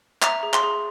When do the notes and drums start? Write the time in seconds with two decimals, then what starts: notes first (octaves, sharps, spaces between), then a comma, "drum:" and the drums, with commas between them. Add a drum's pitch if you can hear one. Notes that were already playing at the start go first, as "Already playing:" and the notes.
0.22 E5 A#5, drum: clap
0.43 G#4
0.53 C6, drum: clap
0.63 G#4